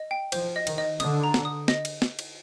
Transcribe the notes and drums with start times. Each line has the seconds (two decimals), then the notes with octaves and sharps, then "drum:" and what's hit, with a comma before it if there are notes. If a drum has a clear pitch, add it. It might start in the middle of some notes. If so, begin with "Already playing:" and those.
Already playing: D#5
0.11 G5
0.32 F3 C5, drum: cymbal
0.56 D#5
0.67 D#3, drum: cymbal
0.78 D#5
1.00 D3 D#6, drum: cymbal
1.24 A#5
1.34 drum: snare
1.45 D#6
1.68 D#5, drum: snare
1.85 drum: cymbal
2.02 drum: snare
2.19 drum: cymbal